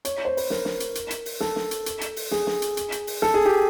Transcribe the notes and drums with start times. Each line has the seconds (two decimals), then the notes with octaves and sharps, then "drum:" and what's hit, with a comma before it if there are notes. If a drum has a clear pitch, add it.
0.05 C#5, drum: hi-hat
0.25 C5
0.37 B4, drum: open hi-hat
0.50 A#4, drum: snare
0.65 drum: snare
0.80 drum: hi-hat
0.95 drum: hi-hat
1.10 drum: hi-hat
1.26 drum: open hi-hat
1.41 A4, drum: snare
1.56 drum: snare
1.71 drum: hi-hat
1.86 drum: hi-hat
2.01 drum: hi-hat
2.16 drum: open hi-hat
2.31 G#4, drum: snare
2.47 drum: snare
2.62 drum: hi-hat
2.77 drum: hi-hat
2.92 drum: hi-hat
3.07 drum: open hi-hat
3.22 A4, drum: snare
3.34 G#4
3.45 G4